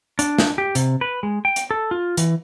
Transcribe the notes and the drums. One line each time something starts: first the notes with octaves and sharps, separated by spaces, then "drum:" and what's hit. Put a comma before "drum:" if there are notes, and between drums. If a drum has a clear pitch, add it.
D4, drum: hi-hat
drum: snare
G4
C3, drum: hi-hat
B4
G#3
G5
drum: hi-hat
A4
F4
E3, drum: hi-hat